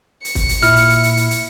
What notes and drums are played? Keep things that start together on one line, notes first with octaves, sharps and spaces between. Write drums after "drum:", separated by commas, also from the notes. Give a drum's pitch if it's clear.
C#7, drum: hi-hat
drum: kick, hi-hat
drum: hi-hat
A#2 E4 F6, drum: hi-hat
drum: hi-hat
drum: hi-hat
drum: hi-hat
drum: hi-hat
drum: hi-hat